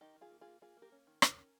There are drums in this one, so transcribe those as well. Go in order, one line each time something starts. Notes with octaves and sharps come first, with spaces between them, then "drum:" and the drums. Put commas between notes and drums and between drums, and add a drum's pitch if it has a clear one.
D#3 D#4 G4
D#3
F4 G#4
A#3
F4 G#4
A#3
A#3 F4 G#4
A#3
G4 A#4
C#4
D#3
D#3 A#4 C#5, drum: rim click
C#4